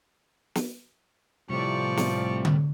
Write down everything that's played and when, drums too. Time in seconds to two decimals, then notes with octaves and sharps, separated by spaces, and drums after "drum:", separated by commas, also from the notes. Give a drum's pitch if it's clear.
0.55 drum: snare
1.50 A2 C3 F3 G3 D5 C#6
1.97 drum: snare
2.45 drum: tom D3